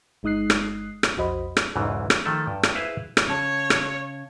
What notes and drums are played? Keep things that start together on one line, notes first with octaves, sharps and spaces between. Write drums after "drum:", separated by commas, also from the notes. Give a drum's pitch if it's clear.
G1 G#3 D#4 D#6 F#6 C7
drum: rim click
drum: rim click
B1 F2 F#4 C5 D#5 B5
drum: rim click
B1 E2 G#2 C#3 E3
drum: rim click
D#3 F3 A3 A4
G2
drum: rim click
E4 G#4 B4 C5 E5 F5
drum: rim click
C#3 C#5 A5
drum: rim click